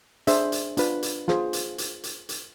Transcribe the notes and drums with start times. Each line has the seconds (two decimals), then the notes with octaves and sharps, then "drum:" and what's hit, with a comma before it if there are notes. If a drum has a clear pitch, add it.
0.27 D4 G#4 C5 E5, drum: hi-hat
0.52 drum: hi-hat
0.77 D4 F4 B4, drum: hi-hat
1.03 drum: hi-hat
1.28 F4 G#4 C5, drum: snare
1.53 drum: hi-hat
1.78 drum: hi-hat
2.03 drum: hi-hat
2.29 drum: hi-hat